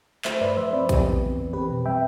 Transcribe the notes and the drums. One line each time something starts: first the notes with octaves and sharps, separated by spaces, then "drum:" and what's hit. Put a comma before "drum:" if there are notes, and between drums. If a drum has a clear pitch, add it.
A3 C5 E5, drum: clap
G2 B4 D5
F3 C5 E5
C4 B4 D5
B3 G4 B4, drum: kick A#1, hi-hat
F2
E3
F2
C4 G4 B4
B2
G3 E5 G5